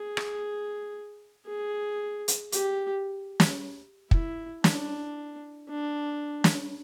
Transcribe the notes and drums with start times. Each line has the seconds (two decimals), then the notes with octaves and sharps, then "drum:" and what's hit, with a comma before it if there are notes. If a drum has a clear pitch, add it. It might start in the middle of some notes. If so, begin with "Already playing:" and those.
Already playing: G#4
0.17 drum: rim click
1.47 G#4
2.28 drum: hi-hat
2.52 G4, drum: hi-hat
3.40 drum: snare
4.11 E4, drum: kick
4.64 D4, drum: snare
5.69 D4
6.44 drum: snare